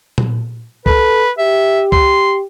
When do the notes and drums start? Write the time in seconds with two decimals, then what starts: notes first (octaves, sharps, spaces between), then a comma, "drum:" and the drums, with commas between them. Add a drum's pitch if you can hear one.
0.18 drum: tom A#2
0.86 A4 B4, drum: kick C#2
1.38 G4 E5
1.92 C6, drum: kick C#2